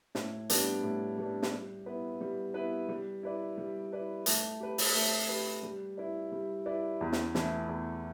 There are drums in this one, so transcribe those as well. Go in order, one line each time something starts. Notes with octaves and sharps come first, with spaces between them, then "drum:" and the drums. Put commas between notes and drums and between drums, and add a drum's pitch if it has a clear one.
A2, drum: snare
G3 B3 D4, drum: hi-hat
A2
G3 B3 D4
drum: snare
G3
B3 E4 B4
G3
B3 E4 B4
G3
E4 B4 D5
G3
E4 B4 D5
A3, drum: hi-hat
G4 B4
drum: open hi-hat
A3
G4 B4
G3
E4 B4 D5
G3
E4 B4 D5
E2
drum: snare
E3 A3 E4, drum: snare
E2